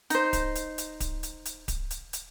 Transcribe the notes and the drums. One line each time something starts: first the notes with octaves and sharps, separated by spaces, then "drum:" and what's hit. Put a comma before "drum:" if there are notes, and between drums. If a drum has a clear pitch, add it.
D#4 C5, drum: hi-hat
drum: kick D1, hi-hat
drum: hi-hat
drum: hi-hat
drum: kick D1, hi-hat
drum: hi-hat
drum: hi-hat
drum: kick D1, hi-hat
drum: hi-hat
drum: hi-hat